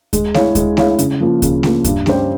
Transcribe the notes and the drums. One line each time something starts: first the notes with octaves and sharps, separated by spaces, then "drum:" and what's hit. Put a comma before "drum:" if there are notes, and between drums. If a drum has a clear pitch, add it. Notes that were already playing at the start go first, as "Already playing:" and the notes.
G#3, drum: kick D2, hi-hat
E4 G#4 C#5 F5, drum: snare A3
G#3, drum: kick D2, hi-hat
E4 G#4 C#5 F5, drum: snare A3
C#3, drum: hi-hat
F3 A#3
C#3, drum: kick D2, hi-hat
F3 A#3, drum: snare A3
G2, drum: kick D2, hi-hat
G3 C#4 G4 C5, drum: snare A3